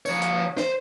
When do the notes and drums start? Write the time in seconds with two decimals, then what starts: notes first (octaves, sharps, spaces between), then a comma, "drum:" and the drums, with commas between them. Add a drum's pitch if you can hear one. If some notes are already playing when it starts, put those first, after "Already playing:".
0.06 F3 C#5, drum: tambourine
0.22 drum: hi-hat
0.57 C5, drum: snare